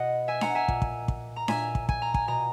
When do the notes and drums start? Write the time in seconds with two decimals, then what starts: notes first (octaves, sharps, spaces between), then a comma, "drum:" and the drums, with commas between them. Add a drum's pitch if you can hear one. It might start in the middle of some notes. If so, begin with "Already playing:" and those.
Already playing: B2 D#5 F#5
0.28 E5 G#5
0.41 F#5 A#5, drum: snare D4
0.55 E5 G#5
0.68 A#2, drum: kick
0.82 drum: kick
1.08 drum: kick
1.36 A#5
1.48 A#2 E5 G#5, drum: snare D4
1.75 drum: kick
1.89 G#5, drum: kick
2.02 A#5
2.14 G#5, drum: kick
2.28 B2 A#5